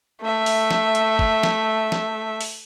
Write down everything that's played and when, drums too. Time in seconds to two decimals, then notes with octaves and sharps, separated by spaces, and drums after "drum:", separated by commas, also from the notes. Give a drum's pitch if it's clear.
0.22 A3 E5
0.46 drum: open hi-hat
0.71 drum: snare
0.95 drum: hi-hat
1.19 drum: kick
1.43 drum: snare
1.92 drum: snare
2.41 drum: open hi-hat